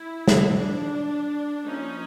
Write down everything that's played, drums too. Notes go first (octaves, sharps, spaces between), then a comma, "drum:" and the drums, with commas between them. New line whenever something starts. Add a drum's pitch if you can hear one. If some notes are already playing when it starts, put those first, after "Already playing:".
Already playing: E4
drum: snare
D4
F3 A#3 C#4 D#4